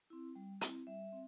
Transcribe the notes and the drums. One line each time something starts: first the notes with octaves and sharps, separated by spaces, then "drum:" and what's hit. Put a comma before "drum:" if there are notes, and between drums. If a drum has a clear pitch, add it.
C4 E4
G3
C4 E4, drum: hi-hat
G3 E5
C4